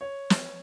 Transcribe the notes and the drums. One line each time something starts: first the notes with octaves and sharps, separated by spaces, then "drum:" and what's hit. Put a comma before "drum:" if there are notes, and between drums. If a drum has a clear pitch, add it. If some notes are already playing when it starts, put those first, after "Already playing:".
C#5
drum: snare